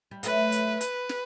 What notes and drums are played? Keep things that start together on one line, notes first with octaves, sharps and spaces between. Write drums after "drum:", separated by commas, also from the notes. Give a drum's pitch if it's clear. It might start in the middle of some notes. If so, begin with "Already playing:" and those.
G3
F#3 A3 B4, drum: hi-hat
drum: hi-hat
B4, drum: hi-hat
drum: snare